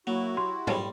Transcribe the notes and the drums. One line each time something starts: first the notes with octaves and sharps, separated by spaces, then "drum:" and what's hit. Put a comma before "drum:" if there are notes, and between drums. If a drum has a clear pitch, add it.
F#3 A#3 E4 F#4
G4 C6
A2 G3, drum: tom